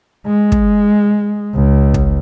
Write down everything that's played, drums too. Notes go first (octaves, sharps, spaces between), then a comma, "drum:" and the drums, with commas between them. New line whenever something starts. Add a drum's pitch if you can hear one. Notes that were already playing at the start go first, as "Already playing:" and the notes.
G#3
drum: kick
C#2
drum: kick